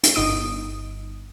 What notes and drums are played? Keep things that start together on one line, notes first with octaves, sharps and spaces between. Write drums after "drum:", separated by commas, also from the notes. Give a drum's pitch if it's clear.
drum: hi-hat
G1 D#4 D#6 D7